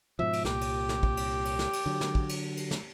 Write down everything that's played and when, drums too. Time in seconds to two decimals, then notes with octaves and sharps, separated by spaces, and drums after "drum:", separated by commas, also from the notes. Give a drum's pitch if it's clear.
0.19 G#2 B2 F3 E5
0.33 drum: cymbal
0.45 C2 A#2 G4, drum: snare
0.61 drum: cymbal
0.89 drum: snare
1.03 drum: kick
1.17 drum: cymbal
1.45 drum: cymbal
1.59 drum: snare
1.73 drum: cymbal
1.86 D3 F#3
2.01 drum: snare
2.15 drum: kick
2.29 drum: cymbal
2.57 drum: cymbal
2.71 drum: snare